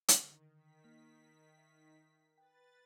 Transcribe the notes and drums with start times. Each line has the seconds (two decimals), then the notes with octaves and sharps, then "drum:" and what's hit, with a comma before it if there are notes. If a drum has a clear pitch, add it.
0.08 drum: hi-hat
0.23 D3 D#3
0.54 D#3 B6
0.84 A#3 D#5 F6
1.58 E5
2.38 B4 G5 F#6 A6